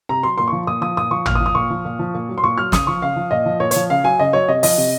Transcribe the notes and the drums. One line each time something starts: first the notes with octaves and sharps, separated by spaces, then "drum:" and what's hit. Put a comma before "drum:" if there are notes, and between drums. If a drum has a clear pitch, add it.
C3 A#5
F#3 C6
A#2 C6
F3 C#6
A#2 D#6
F3 D#6
A#2 D#6
F3 C#6
A#2 F6, drum: tom
D#6
F3
D#6
A#2 C#6
F3
A#2
F3
A#2
F#3
C6
A#2 C#6
F#3 F6
C#3 D#6, drum: snare
F3 C#6
C#3 F5
F3
A#2 D#5
F3
A#2 C#5
F3 C#5, drum: hi-hat
C#3 F5
F#3 G#5
C#3 D#5
F#3 C#5
C3 D#5
F3 D#5, drum: open hi-hat
C3